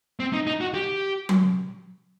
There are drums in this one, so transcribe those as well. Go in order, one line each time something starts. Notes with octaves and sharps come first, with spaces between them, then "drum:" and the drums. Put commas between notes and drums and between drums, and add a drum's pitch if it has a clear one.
C4
D#4
D#4
F#4
G4
drum: tom F#3